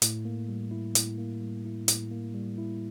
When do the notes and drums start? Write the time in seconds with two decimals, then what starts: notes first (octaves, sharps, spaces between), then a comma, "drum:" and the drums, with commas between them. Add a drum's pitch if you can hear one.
0.02 A2, drum: hi-hat
0.25 A#3
0.49 G3
0.71 E4
0.95 A2, drum: hi-hat
1.18 A#3
1.41 G3
1.65 E4
1.88 A2, drum: hi-hat
2.11 A#3
2.34 G3
2.58 E4